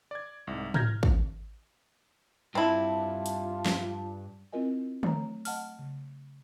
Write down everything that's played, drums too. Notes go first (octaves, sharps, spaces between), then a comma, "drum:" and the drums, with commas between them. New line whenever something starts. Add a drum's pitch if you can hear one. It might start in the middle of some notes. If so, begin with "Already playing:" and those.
D5 G#6
C2 G#2
A#5 F6 G6 G#6 A#6, drum: tom
drum: kick
G2 C4 E4 F4 A5
drum: hi-hat
drum: snare
C4 E4 F4 A#4 D#5 G#5
F#3 A3 C#5 A#5, drum: tom
D#5 F#5 A5 F6, drum: open hi-hat
C#3